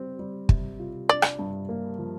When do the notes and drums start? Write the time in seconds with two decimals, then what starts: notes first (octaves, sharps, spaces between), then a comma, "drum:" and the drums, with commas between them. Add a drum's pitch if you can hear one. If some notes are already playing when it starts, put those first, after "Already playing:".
Already playing: G3 C4
0.19 G3
0.49 C3, drum: kick
0.79 F4
1.09 D4 D5
1.22 drum: rim click
1.39 G2
1.69 A#3
1.99 F3